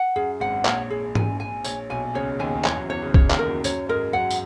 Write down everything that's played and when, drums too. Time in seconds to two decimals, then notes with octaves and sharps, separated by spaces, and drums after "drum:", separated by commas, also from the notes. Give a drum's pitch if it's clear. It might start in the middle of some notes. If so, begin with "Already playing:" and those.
Already playing: F#5
0.16 F#2 G#4
0.40 G#1 G#2 F#5
0.65 A#1 A#2 C#5, drum: clap
0.90 G#4
1.15 G#5, drum: tom G#2
1.40 G#5
1.64 A#1 A#2 C#5, drum: tambourine
1.90 B1 B2 G#5
2.15 C#2 C#3 C#5
2.39 D#2 D#3 G#5
2.64 E2 E3 C#5, drum: clap
2.77 F#2 F#3
2.89 E2 E3 C#5
3.02 C#2 C#3
3.14 C#5, drum: kick
3.30 D#2 D#3, drum: clap
3.39 A#4
3.47 F#2 F#3
3.64 F#2 F#3 C#5, drum: tambourine
3.89 G#2 G#3 A#4
4.13 F#2 F#3 F#5
4.30 drum: tambourine